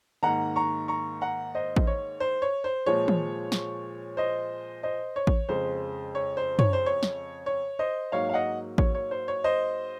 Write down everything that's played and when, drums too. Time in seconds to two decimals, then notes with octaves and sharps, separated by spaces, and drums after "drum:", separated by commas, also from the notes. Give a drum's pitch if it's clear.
0.23 G#2 D#3 A#3 F#5 A#5
0.56 A#5 C#6
0.88 A#5 C#6
1.21 F#5 A#5
1.55 C5 D#5
1.77 drum: kick A1
1.87 C#5
2.20 C5
2.42 C#5
2.64 C5
2.86 A#2 F3 G#3 C#5
3.08 drum: tom
3.52 drum: snare
4.17 C5 D#5
4.83 C5 D#5
5.16 C#5
5.27 drum: kick A1
5.49 F2 C#3 G#3 C5
6.15 C#5
6.37 C5
6.59 C#5, drum: tom
6.73 C5
6.86 C#5
7.03 drum: snare
7.46 C#5
7.79 C5 D#5
8.12 G#2 F#3 A#3 C#5 F5
8.29 F5
8.34 D#5 F#5
8.78 C#5, drum: kick A1
8.95 C#5
9.11 C5
9.28 C#5
9.44 C5 D#5